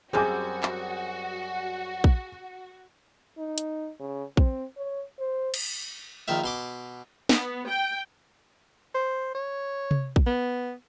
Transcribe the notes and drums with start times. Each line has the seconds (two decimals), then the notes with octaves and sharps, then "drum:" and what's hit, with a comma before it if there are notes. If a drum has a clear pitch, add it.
0.13 F#2 G3 C4 F#4 G#4 G#5 D6
0.63 drum: clap
2.04 drum: kick A#1
3.38 D#4
3.58 drum: hi-hat
4.00 C#3
4.37 C4, drum: kick A#1
4.77 C#5
5.19 C5
5.54 drum: cymbal
6.28 A#1 D#3 F4 E5
6.44 B2 C6 D6
7.29 B3, drum: snare
7.67 G5
8.95 C5
9.35 C#5
9.91 drum: tom C3
10.16 drum: kick A#1
10.27 B3